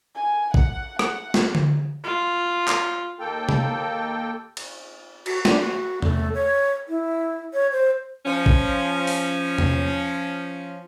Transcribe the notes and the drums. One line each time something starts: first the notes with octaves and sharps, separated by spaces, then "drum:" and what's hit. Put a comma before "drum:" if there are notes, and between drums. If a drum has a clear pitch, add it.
G#5
F#5, drum: kick
F#5, drum: rim click
drum: snare
drum: tom D3
F4
drum: clap
D#2 A#3 A4 G5
drum: tom
drum: cymbal
F#4, drum: cymbal
D4, drum: snare
F#4
A3, drum: tom
C#5
E4
C#5
C5
F3 C#4
drum: kick
drum: open hi-hat
drum: tom